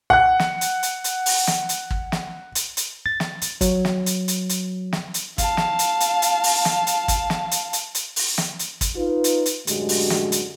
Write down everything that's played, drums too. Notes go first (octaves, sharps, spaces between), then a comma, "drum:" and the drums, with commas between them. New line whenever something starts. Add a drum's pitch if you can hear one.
F#5 F#6
drum: snare
drum: hi-hat
drum: hi-hat
drum: hi-hat
drum: open hi-hat
drum: snare
drum: hi-hat
drum: kick
drum: snare
drum: hi-hat
drum: hi-hat
A6
drum: snare
drum: hi-hat
F#3, drum: kick, hi-hat
drum: snare
drum: hi-hat
drum: hi-hat
drum: hi-hat
drum: snare
drum: hi-hat
F5 A5, drum: kick, hi-hat
drum: snare
drum: hi-hat
drum: hi-hat
drum: hi-hat
drum: open hi-hat
drum: snare
drum: hi-hat
drum: kick, hi-hat
drum: snare
drum: hi-hat
drum: hi-hat
drum: hi-hat
drum: open hi-hat
drum: snare
drum: hi-hat
drum: kick, hi-hat
D#4 F4 B4
drum: hi-hat
drum: hi-hat
F#2 A2 D3 G#3 F#4 G4, drum: hi-hat
drum: open hi-hat
drum: snare
drum: hi-hat